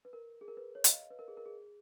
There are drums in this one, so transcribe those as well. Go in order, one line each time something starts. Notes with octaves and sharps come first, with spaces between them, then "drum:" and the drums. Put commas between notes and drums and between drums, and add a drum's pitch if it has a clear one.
B4
A#4
G#4
A#4
B4
C#5
D#5, drum: hi-hat
F5
B4
A#4
G#4
A#4
G#4